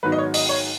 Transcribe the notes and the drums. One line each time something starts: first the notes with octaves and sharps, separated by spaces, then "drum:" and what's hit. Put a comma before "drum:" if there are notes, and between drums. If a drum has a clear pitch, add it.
G#2 D#3 F#3 B3 D#4 B4
D#5
C#5
D#5, drum: open hi-hat
C#5